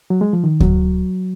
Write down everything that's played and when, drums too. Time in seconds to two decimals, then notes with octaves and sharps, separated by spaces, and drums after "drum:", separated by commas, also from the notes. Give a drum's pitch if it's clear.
0.10 F#3
0.21 G#3
0.33 F3
0.44 D#3
0.60 F#3, drum: kick D2